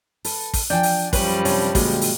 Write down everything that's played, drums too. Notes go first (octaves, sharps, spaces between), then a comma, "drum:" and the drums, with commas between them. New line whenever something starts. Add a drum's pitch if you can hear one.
A4 B4, drum: open hi-hat
drum: kick, open hi-hat
F3 D4 D5 G5 G#5
drum: open hi-hat
F#2 F3 G3 B4 C#5, drum: kick, open hi-hat
C3 D4 C#5, drum: open hi-hat
A#2 D3 F#3 G#3 G5, drum: kick, open hi-hat
drum: open hi-hat